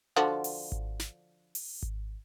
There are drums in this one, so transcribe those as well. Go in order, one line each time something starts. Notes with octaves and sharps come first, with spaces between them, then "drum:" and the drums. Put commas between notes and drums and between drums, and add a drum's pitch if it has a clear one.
D3 F3 F#4
drum: open hi-hat
drum: kick G#1
drum: snare
drum: open hi-hat
drum: kick G#1